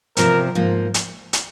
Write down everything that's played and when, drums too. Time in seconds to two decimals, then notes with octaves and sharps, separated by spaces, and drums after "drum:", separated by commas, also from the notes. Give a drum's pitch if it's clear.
0.17 E2 C3 F3 C4 A#4, drum: hi-hat
0.55 G#2 F3 A#3
0.94 drum: hi-hat
1.33 drum: hi-hat